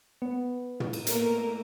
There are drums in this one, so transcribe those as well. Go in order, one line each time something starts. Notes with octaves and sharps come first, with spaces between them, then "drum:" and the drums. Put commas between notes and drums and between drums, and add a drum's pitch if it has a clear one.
B3
drum: tom
drum: cymbal
A3 A#3 A#4, drum: hi-hat